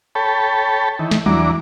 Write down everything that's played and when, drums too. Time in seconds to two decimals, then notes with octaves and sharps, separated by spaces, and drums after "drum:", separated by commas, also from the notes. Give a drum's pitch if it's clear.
0.15 A4 C#5 G5 A5 B5
0.99 D#3 E3
1.11 drum: snare
1.26 E2 E3 F#3 D4 A#5 D6, drum: tom F#3